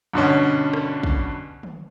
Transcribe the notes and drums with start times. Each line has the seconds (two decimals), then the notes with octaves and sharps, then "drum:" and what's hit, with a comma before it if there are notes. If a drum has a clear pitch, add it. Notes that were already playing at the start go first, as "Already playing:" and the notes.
0.13 G2 B2 D3 C#4
0.73 drum: rim click
1.03 drum: kick
1.63 drum: tom